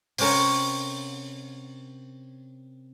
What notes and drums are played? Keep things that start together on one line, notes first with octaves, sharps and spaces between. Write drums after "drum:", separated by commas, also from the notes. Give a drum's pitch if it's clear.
C3 C4 C#4 A#4 C#5, drum: open hi-hat